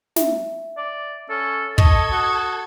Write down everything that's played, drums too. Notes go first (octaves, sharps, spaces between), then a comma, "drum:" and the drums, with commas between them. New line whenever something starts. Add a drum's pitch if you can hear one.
E5, drum: snare
D5
C#4 A4
A4 D#5 C#6 G#6, drum: kick
F#4 D#6